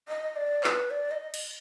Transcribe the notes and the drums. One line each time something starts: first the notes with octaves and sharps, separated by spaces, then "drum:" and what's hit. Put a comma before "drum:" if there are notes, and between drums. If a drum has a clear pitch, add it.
D#5
D5
B4, drum: clap
D5
D#5
drum: cymbal